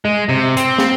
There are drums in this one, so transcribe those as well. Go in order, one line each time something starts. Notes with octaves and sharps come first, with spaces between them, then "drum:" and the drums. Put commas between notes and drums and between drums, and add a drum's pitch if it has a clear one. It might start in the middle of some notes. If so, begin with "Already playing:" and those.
G#3
C3
C4, drum: hi-hat
drum: snare